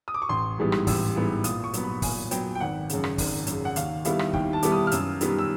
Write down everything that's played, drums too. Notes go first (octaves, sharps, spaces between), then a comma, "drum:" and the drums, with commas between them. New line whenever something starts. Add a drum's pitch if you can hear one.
D#6
D6
C#6
A1 C6
G#2 E3 G3 B3
drum: rim click
A1 E6, drum: kick, open hi-hat
G#2 E3 G3 B3
A#2 D#6, drum: hi-hat
C#6
F#3 B3, drum: hi-hat
B5
A#2 G#5, drum: kick, open hi-hat
F#3 B3 G5, drum: hi-hat
G5
G#1 F#5
F#2 C#3, drum: hi-hat
drum: rim click
G#1, drum: kick, open hi-hat
F#2 C#3, drum: hi-hat
F#5
D#2 F5, drum: hi-hat
D#3 G3 B3 E4 F5, drum: hi-hat
drum: rim click
D#2 G5, drum: kick
A5
D#3 G3 B3 E4 D6, drum: hi-hat
D#6
F6
F#2 E6, drum: hi-hat
D#3 G3 B3, drum: hi-hat
E6